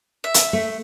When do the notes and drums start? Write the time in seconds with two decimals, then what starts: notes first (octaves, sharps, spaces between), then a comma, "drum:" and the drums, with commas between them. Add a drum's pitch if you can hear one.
0.24 E5
0.34 drum: hi-hat
0.53 A3